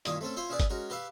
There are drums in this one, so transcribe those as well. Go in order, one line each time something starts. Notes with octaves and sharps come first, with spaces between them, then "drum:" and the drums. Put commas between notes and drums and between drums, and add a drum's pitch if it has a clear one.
G2 A#2 D#3 E4 G#5 D#6, drum: hi-hat
A3 C4 C#4 A4
E4 F4 C5 E5 C6
C#4 E4 G#4 B4 D5
drum: kick G1, hi-hat
G#3 C#4 F#4 A#4
G4 B4 E5 F5